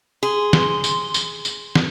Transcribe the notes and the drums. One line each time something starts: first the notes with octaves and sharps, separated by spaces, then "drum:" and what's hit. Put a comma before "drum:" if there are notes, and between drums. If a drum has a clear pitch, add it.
G#4 C6
drum: snare
drum: tambourine
drum: tambourine
drum: tambourine
drum: snare